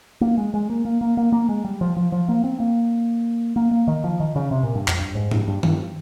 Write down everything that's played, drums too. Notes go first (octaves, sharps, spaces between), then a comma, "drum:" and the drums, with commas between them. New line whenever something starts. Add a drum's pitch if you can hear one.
A#3
G#3
G#3
A#3
A#3
A#3
A#3
A#3
G#3
G3
F3
F3
F3
A#3
C4
A#3
A#3
A#3
D#3
F3
D#3
C#3
C3
A#2
G2
F2, drum: clap
G2
G#2
G2, drum: tom G#2
G2
G2, drum: tom D#3